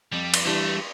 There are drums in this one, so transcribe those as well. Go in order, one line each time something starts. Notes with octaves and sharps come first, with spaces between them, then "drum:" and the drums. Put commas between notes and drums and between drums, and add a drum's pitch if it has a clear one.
F2 G3
drum: cymbal
E3 G3 A3 D4